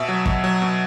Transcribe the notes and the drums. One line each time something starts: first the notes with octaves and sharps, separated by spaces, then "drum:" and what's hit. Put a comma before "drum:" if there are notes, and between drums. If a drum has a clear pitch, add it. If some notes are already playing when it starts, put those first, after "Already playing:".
Already playing: B2 E5
F#3
B2, drum: kick
F#3
B2